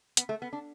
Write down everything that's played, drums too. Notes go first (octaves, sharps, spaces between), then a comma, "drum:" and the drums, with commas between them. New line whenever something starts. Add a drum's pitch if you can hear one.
B3, drum: hi-hat
A3
B3
D4